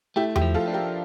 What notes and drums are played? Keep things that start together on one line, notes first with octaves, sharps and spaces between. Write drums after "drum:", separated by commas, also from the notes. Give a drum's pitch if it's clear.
A3 E4 G4
E4 G4, drum: tom E2
F3
F4 A4
D4
G4 A#4